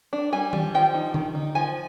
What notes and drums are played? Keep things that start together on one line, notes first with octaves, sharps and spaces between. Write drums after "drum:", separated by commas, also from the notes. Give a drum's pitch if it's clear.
D4
G3 G#5
G3, drum: tom D#3
F3 G5
D#4
D#3, drum: tom D3
D#4
F3 G#5